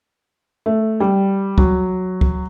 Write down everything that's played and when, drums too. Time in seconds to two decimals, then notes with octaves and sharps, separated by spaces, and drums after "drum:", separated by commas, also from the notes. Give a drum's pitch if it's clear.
0.66 A3
1.00 G3
1.58 F#3, drum: kick C#2
2.21 drum: kick C#2